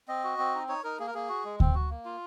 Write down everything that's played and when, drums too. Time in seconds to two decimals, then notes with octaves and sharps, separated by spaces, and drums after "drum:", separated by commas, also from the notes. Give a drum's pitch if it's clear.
0.08 C4 D#5
0.24 F#4
0.39 C4
0.54 D#4
0.69 D#4 C#5
0.84 D#4 A#4
0.99 A#3 G#4
1.07 A#4
1.14 A#3 G#4
1.29 F#4
1.44 G#3
1.60 C4, drum: kick D2
1.75 F#4
1.90 A#3
2.05 F4